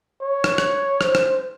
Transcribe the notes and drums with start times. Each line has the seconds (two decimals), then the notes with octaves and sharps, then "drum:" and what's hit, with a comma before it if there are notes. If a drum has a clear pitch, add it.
0.22 C#5
0.44 drum: rim click
0.58 drum: rim click
1.01 C5, drum: rim click
1.15 drum: rim click